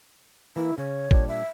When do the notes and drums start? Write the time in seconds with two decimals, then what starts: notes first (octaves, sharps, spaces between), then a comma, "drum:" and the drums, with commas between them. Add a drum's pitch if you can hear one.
0.56 E3 A#3 E4
0.78 C#3 C#5
1.11 A#2 G3 D4, drum: kick
1.28 E5